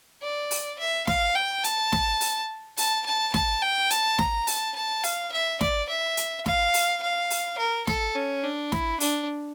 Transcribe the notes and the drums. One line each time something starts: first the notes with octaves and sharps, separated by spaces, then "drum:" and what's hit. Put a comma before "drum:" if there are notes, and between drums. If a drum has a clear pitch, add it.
D5
drum: open hi-hat
E5
F5, drum: snare
G5
A5, drum: hi-hat
drum: snare
drum: open hi-hat
A5, drum: open hi-hat
A5
A5, drum: snare
G5
A5, drum: hi-hat
A#5, drum: snare
A5, drum: open hi-hat
A5
F5, drum: open hi-hat
E5
D5, drum: snare
E5
drum: hi-hat
F5, drum: snare
drum: open hi-hat
F5
drum: open hi-hat
A#4
A4, drum: snare
C#4
D4
E4, drum: snare
D4, drum: open hi-hat